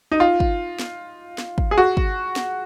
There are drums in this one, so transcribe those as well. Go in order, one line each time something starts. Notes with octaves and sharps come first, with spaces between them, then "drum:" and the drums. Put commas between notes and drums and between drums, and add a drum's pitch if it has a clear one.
D#4
F4
drum: kick
drum: snare
drum: snare
drum: kick
G#4
F#4
drum: kick
drum: snare